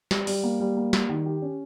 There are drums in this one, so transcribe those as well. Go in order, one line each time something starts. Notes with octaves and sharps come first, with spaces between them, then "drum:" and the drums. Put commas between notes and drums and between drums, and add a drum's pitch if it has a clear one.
G3, drum: snare
G3, drum: open hi-hat
A#3
G3
A#3
G3, drum: snare
D#3
G4
C#4